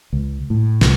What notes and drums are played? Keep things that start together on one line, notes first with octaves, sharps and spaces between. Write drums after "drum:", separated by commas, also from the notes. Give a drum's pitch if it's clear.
C#2
A2
C2, drum: snare